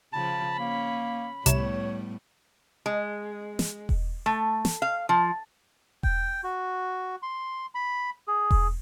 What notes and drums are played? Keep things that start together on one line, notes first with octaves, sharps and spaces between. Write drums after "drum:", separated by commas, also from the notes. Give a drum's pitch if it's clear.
C#3 F3 A5 B5
A#3 C#4
C2 A2 G3 B3 C#5 E7, drum: hi-hat
G#3
drum: snare
drum: kick E1
A3
drum: snare
F5
F3
G5, drum: kick E1
F#4
C6
B5
G#4
drum: kick E1